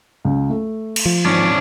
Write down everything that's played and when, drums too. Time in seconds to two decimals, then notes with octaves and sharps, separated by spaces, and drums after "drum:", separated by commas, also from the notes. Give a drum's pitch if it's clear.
0.25 C#2
0.50 A3
0.96 drum: cymbal
1.06 F3
1.25 G#1 C#4 D4